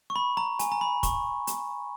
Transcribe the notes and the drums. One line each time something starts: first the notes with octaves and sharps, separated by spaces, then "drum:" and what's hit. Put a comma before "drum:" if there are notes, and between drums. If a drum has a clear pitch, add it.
C#6
B5
A#5
G#5, drum: hi-hat
A#5
B5
C#6, drum: kick, hi-hat
drum: hi-hat